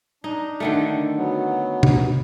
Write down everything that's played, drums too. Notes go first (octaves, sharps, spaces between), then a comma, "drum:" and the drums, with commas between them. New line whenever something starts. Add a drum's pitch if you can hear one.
D4 D#4
D3 D#3 A3
F#3 B3
drum: tom